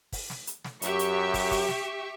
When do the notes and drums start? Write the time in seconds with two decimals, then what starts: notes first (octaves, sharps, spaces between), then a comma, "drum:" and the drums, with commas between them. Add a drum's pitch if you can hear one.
0.12 drum: kick, open hi-hat
0.30 drum: snare
0.47 drum: hi-hat
0.65 drum: snare
0.82 F#2 G4 E5 C#6, drum: hi-hat
0.99 drum: hi-hat
1.34 drum: kick, open hi-hat
1.51 drum: kick, open hi-hat
1.69 drum: snare